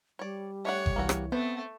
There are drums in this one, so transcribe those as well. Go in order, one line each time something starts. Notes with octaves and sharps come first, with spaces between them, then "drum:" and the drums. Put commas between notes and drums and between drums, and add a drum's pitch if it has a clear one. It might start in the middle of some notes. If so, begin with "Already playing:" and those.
G3 C#5 D5
A3 D4 C#5 F#5
drum: kick G1
C2 E3 A#3 F#4
drum: rim click
A3 B3 C4 C5